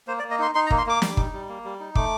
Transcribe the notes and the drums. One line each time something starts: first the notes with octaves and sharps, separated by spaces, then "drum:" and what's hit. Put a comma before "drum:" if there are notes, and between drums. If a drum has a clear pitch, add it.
A#3 C5
D5
A#3
D#5
D#4 C6
D#4 C6
A#5
A#3, drum: kick
C6
A#3 D6
G3, drum: snare
D#4, drum: kick
G3
A#3
G3
D#4
A3 D6, drum: kick